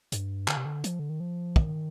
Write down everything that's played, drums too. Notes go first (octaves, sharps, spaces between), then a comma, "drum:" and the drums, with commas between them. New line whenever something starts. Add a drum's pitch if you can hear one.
G2, drum: hi-hat
D3, drum: clap
C3
D3
F3, drum: hi-hat
D3
D#3
F3
D#3, drum: kick